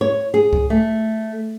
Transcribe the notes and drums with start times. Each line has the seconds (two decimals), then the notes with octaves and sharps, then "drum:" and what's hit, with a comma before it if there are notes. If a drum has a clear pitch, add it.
0.01 C#5
0.34 G#4
0.53 drum: kick C2
0.70 A3